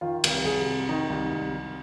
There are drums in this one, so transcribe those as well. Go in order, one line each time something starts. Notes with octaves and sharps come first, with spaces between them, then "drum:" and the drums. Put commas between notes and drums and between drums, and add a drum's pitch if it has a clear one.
D#3 F4
C2, drum: cymbal
C2 G#4
C3
D#3 D#4
C2
C2
C3